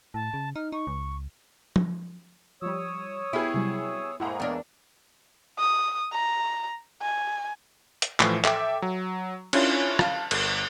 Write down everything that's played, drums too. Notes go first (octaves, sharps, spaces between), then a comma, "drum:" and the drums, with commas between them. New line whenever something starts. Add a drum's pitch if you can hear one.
A2 A5
C#3
D#4 F6
D#4 C#6
C#2
drum: tom F3
F3 G3 C#5 D#6 E6
B3 E4 G4 G#4 G5 B5
C3 F#3 G3
A2 G#3 A#3 E4 G#4 C5 F#5 A#5
E2 B3 D4 A#4 C#5
D#6
A#5
G#5
drum: hi-hat
A2 E3 F3, drum: clap
A4 E5 G5 D6, drum: clap
F#3
C#4 D4 E4 F4 C#5, drum: cymbal
F5 A5, drum: rim click
G1, drum: cymbal